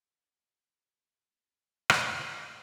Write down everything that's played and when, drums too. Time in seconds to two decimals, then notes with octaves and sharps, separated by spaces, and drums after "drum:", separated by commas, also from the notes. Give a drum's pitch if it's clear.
0.17 D5 F5 F#5 A5 B5 D6
1.90 drum: rim click